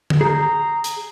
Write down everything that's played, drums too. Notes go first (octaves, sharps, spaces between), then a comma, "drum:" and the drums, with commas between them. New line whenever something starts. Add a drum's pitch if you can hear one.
drum: tom
G#4 A#5 G6
drum: hi-hat